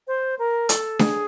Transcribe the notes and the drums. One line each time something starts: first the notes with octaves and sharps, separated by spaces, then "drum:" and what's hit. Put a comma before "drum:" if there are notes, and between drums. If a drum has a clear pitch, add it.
C5
A#4
A4, drum: hi-hat
G#4, drum: snare D4